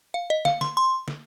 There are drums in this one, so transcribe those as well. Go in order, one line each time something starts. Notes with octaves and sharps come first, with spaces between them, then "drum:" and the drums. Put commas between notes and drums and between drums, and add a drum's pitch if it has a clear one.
F5
D#5
F5, drum: snare
C6, drum: snare
C6
drum: snare